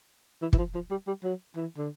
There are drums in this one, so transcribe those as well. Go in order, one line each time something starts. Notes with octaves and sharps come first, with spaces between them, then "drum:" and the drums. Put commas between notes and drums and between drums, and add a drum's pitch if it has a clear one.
E3
E3, drum: kick
F3
F3
G3
G3
F#3
E3
D3